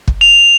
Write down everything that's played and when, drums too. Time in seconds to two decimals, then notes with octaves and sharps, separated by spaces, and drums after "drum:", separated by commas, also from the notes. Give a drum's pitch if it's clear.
0.08 drum: kick
0.21 F7